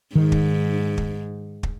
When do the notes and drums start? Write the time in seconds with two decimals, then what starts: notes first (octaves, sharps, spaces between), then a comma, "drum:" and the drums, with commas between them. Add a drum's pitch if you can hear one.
0.15 G#2 D#3
0.32 drum: kick
0.98 drum: kick
1.63 drum: kick